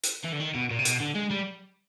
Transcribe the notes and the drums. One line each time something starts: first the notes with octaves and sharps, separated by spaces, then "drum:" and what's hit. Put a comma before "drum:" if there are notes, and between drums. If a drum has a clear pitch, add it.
drum: hi-hat
E3
D3
D#3
B2
A#2
C3
B2, drum: hi-hat
D3
G#3
G3